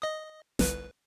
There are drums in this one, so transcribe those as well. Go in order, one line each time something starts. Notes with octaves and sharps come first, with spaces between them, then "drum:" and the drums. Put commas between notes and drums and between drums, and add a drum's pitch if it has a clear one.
D#5 D#6
G1 C2 B4, drum: snare